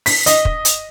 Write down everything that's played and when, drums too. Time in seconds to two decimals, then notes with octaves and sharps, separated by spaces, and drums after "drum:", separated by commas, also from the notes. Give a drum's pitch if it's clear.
0.06 B6, drum: open hi-hat
0.26 D#5, drum: hi-hat
0.45 drum: kick
0.65 drum: hi-hat